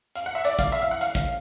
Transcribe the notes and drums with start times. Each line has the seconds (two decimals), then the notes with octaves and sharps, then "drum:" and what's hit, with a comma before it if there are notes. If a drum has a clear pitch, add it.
0.15 F5, drum: hi-hat
0.26 F#5
0.35 E5
0.45 D5, drum: hi-hat
0.59 F5, drum: kick, hi-hat
0.72 E5, drum: hi-hat
0.82 F5
0.91 F#5
1.01 F5, drum: hi-hat
1.15 drum: kick, hi-hat